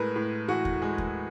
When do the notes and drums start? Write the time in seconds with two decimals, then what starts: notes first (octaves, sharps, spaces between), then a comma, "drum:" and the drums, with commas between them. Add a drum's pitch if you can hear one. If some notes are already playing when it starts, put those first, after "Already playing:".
Already playing: A2 G#3 A#4 B4
0.16 A2
0.48 E3 F#4
0.65 drum: kick
0.82 G#3
0.98 drum: kick